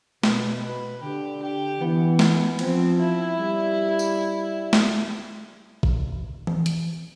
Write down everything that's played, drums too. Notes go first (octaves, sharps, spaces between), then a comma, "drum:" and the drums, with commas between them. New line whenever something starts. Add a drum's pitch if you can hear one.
B2 B4, drum: snare
B4
D3 G4
G4
E3 B3
drum: snare
F3 C4, drum: cymbal
E4
G3
drum: tambourine
drum: snare
drum: kick
drum: tom E3
drum: hi-hat